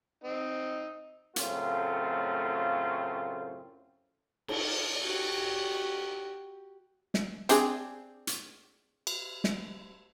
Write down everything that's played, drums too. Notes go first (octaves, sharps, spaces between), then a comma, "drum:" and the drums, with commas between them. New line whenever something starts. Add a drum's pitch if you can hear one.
C4 D#4
F#2 A2 C#3 A3 C4 F4, drum: hi-hat
drum: cymbal
F#4 G4
drum: snare
C4 D4 G#4, drum: hi-hat
drum: hi-hat
drum: cymbal
drum: snare